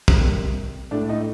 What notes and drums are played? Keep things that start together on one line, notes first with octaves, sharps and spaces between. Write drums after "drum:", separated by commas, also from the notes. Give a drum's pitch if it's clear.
drum: kick
C3 G3 A#3
A2 A3 D4
D#4